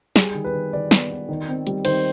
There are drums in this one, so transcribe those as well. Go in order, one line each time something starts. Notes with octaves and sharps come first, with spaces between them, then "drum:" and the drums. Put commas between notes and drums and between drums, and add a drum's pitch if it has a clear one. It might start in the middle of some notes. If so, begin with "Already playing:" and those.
G3 G#4, drum: snare
D#3
B4
D#3
D#3 D5
B3, drum: snare
B3
D#3
C4
G3, drum: hi-hat
D#3 C5, drum: cymbal